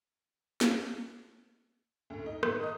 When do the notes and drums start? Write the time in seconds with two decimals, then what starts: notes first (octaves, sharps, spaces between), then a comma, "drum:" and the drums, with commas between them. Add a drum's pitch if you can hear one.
0.61 drum: snare
2.10 D2 A2
2.26 D#4
2.43 A2 D#3 B3, drum: rim click
2.60 D#5 A#5 D#6